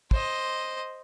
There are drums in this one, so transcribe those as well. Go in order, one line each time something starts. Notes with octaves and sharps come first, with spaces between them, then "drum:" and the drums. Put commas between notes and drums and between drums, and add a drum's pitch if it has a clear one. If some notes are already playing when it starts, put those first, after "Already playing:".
C5 D#5, drum: kick